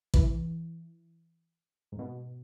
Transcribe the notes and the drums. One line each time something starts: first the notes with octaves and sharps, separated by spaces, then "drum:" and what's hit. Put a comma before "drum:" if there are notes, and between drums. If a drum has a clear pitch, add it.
E3, drum: kick
G#2
B2